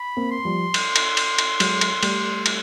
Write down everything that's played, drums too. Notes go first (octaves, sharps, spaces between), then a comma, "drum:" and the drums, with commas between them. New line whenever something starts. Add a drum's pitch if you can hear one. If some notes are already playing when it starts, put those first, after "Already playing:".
Already playing: B5
A#3 C4
C6
F3 G3
drum: cymbal
drum: cymbal
drum: cymbal
drum: cymbal
F#3 G#3, drum: cymbal
drum: cymbal
G3 A3, drum: cymbal
drum: cymbal